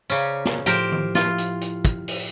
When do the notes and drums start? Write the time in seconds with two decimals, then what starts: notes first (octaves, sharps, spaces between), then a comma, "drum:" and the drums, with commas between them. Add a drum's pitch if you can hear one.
0.10 C#3 C#4 C5 D5 A#5
0.45 drum: snare
0.66 A2 F3 G4 A#4 C5, drum: hi-hat
0.92 drum: tom D#3
1.15 E4 F4, drum: snare
1.38 drum: hi-hat
1.61 drum: hi-hat
1.85 drum: kick, hi-hat
2.08 drum: open hi-hat